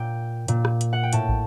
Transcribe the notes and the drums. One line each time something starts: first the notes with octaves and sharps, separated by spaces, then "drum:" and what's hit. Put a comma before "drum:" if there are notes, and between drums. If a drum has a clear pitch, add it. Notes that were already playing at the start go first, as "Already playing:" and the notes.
Already playing: A#2 G5
A#2, drum: hi-hat
drum: rim click
drum: hi-hat
F#5
G5
A2 A5, drum: hi-hat
drum: kick